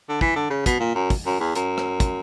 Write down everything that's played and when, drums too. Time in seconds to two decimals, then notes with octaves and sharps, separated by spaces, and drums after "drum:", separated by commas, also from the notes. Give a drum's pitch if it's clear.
0.09 D3
0.21 E3, drum: kick
0.36 D3
0.50 C#3
0.66 B2, drum: kick, hi-hat
0.80 A#2
0.95 F#2
1.10 drum: kick, open hi-hat
1.26 F#2
1.40 E2
1.55 F#2, drum: hi-hat
1.78 drum: rim click
2.00 drum: kick, hi-hat